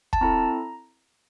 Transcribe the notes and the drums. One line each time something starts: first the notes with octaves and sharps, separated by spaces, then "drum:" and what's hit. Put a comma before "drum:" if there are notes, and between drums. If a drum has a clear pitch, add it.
A5, drum: kick
C4 E4 A4 A#5